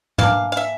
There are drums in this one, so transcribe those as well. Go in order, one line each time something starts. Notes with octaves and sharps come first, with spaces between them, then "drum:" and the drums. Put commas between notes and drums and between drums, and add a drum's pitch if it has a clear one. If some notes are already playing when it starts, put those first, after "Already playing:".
E3 A#3 D4 F5, drum: tom
F5
E5